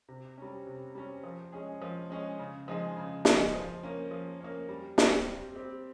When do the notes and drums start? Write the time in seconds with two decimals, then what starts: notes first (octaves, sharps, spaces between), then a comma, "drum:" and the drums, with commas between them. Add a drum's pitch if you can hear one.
0.09 C3
0.38 G3 C#4
0.67 C3
0.95 G3 C#4
1.24 F3
1.52 G#3 C#4 G#4
1.82 F3
2.10 G#3 C#4 G#4
2.39 C#3
2.68 F3 G#3 D#4 G#4
2.97 C#3
3.25 F3 G#3 D#4 G#4, drum: snare
3.55 F3
3.83 A#3 C#4
4.11 F3
4.41 A#3 C#4
4.69 G3
4.98 C4 G4, drum: snare
5.26 G3
5.55 C4 G4